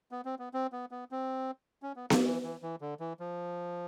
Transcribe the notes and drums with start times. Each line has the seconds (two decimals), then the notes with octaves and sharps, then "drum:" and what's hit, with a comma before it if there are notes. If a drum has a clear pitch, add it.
0.11 B3
0.25 C4
0.39 B3
0.54 C4
0.72 B3
0.91 B3
1.11 C4
1.83 C#4
1.96 B3
2.10 A#3, drum: snare B3
2.25 E3
2.43 E3
2.62 E3
2.81 D3
3.00 E3
3.20 F3